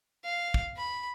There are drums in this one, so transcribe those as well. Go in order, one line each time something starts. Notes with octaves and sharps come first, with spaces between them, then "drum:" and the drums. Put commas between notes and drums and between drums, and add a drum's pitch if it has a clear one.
F5
drum: kick
B5